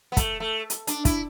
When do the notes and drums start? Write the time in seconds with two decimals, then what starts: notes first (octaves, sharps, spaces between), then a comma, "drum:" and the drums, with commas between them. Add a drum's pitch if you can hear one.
0.12 B3
0.17 A3, drum: kick, hi-hat
0.40 A3
0.70 drum: hi-hat
0.87 D4, drum: hi-hat
1.05 E4, drum: kick, hi-hat